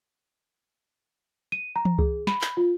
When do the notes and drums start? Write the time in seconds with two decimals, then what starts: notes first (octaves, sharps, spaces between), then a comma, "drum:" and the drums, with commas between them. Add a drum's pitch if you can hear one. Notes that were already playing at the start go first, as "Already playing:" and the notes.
1.52 D#7
1.76 A#5
1.85 drum: tom E3
1.98 G#4, drum: kick C#2
2.27 B5, drum: snare
2.41 drum: clap
2.57 F4